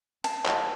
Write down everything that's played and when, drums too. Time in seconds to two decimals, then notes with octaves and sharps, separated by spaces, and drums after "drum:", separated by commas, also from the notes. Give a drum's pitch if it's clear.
0.24 A5, drum: cymbal
0.46 drum: clap